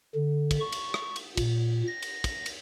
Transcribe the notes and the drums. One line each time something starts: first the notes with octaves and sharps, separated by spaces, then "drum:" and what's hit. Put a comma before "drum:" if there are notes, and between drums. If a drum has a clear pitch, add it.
D3
drum: kick, cymbal
C#6
drum: cymbal
drum: rim click
drum: cymbal
A#2, drum: kick, cymbal
A#6
drum: cymbal
drum: kick, cymbal
drum: cymbal